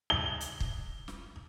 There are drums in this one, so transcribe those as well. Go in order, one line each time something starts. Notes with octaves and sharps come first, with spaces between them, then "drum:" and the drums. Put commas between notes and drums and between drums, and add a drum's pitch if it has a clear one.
G7
drum: hi-hat
drum: kick
drum: snare